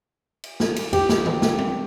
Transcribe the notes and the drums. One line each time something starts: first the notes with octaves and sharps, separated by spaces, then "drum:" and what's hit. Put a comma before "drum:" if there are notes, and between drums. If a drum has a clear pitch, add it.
drum: cymbal
drum: snare
drum: cymbal
G4, drum: cymbal
drum: snare
drum: tom D#3
drum: snare
drum: tom G3